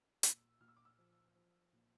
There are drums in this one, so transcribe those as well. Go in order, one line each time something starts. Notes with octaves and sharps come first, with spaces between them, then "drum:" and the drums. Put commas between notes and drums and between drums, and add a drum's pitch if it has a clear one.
A#2 E6, drum: hi-hat
A#2 F6
E6
D6
E6
F3
F3
A#2